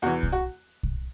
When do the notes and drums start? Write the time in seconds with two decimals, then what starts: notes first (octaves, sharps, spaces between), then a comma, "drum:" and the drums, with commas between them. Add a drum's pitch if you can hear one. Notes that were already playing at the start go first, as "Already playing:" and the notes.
0.02 E2 E3 F#4
0.23 drum: kick
0.32 F#4
0.83 drum: kick